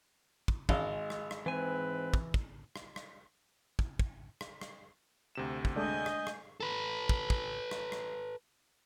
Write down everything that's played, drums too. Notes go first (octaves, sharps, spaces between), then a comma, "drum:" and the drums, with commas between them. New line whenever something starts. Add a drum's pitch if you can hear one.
drum: kick
G#1 G#3 F5, drum: kick
drum: rim click
drum: rim click
G#2 E3 C4 B4 G#5
drum: kick
drum: kick
drum: rim click
drum: rim click
drum: kick
drum: kick
drum: rim click
drum: rim click
D2 C3 E7
drum: kick
G#3 A3 D4 D#5 G#5 G6
drum: rim click
drum: rim click
A4 B4
drum: kick
drum: kick
drum: rim click
drum: rim click